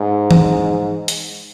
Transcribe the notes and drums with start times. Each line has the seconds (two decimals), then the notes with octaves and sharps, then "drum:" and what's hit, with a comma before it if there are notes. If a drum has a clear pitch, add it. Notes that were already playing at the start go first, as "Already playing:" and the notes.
Already playing: G#2
0.31 drum: tom E3
1.08 drum: hi-hat